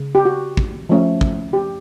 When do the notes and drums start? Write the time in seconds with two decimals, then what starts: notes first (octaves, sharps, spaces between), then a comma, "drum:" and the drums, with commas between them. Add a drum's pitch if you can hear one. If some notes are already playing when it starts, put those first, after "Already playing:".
Already playing: C#3
0.15 G4
0.25 F#4
0.57 drum: kick
0.89 F3 A3 C#4
1.21 drum: kick
1.53 G4